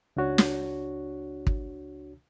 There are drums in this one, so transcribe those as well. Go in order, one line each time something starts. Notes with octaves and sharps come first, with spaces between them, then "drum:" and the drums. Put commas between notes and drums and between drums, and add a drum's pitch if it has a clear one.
C#2 D4 F#4 C#5
drum: snare
drum: kick